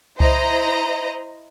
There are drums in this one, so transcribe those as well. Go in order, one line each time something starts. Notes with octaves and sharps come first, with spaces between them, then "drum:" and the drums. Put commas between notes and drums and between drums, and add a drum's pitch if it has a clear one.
E4 C5 D#5 A#5, drum: kick C2